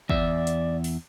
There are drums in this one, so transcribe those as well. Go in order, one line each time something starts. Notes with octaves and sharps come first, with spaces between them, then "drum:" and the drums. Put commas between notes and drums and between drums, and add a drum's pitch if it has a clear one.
E2 D5 E5, drum: kick
drum: hi-hat
drum: open hi-hat